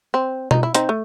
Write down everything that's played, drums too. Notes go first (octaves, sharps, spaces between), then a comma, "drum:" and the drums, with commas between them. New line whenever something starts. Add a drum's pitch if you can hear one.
C4
D#4, drum: tom B2
E4
C4 D#4, drum: hi-hat
A3